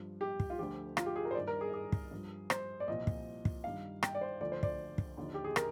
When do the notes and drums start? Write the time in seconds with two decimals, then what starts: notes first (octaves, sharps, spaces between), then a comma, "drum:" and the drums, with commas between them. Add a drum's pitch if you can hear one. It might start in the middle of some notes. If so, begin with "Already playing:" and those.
Already playing: G2 F3
0.21 G4
0.40 drum: kick
0.50 F4
0.59 D2 D3 F3 G4
0.97 F4, drum: rim click
1.06 G4
1.16 G#4
1.25 A#4
1.31 C5
1.35 G2 D#3 D5
1.47 A#4
1.61 G#4
1.73 G#4
1.92 drum: kick
2.11 G2 F3
2.50 C5, drum: rim click
2.80 D5
2.88 C2 A#2 F3 D#5
3.07 drum: kick
3.45 drum: kick
3.64 G2 D#3 F5
4.03 G5, drum: rim click
4.15 D5
4.21 C5
4.40 D2 D3 F3 D5
4.52 C5
4.63 D5, drum: kick
4.98 drum: kick
5.17 D#2 D3 F3
5.34 G4
5.44 G#4
5.56 A#4, drum: rim click